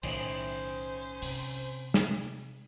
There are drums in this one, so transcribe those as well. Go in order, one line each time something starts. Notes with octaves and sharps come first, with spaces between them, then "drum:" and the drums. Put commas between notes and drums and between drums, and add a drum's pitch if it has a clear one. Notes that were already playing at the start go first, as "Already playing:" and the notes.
B1 A2 D#3 C#4 C5, drum: cymbal
C3, drum: open hi-hat
drum: snare